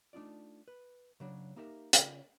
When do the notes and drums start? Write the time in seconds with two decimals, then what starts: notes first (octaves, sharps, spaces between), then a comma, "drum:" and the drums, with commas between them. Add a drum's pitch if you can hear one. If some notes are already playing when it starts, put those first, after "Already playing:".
0.13 A3 D4 D#4 F4 D5
0.68 B4
1.20 C#3 F#3 D4
1.56 A#3 D#4 G4 A#4 D5 E5
1.93 C#3 C#4 F4 D5, drum: hi-hat